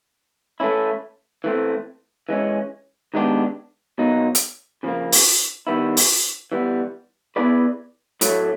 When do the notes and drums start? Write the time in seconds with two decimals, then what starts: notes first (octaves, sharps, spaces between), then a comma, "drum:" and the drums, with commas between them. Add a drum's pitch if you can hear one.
0.60 E3 A3 C#4 E4
1.44 E3 A3 C4
2.29 E3 G#3 C#4
3.14 D#3 G#3 B3 D4 G4
3.98 B2 F#3 A#3 D#4
4.35 drum: hi-hat
4.83 C#3 F3 A#3
5.12 drum: open hi-hat
5.67 D#3 G3 B3 E4
5.97 drum: open hi-hat
6.52 E3 G3 B3
7.36 B3 E4 G#4 B4 D5
8.21 A2 F#3 A3, drum: hi-hat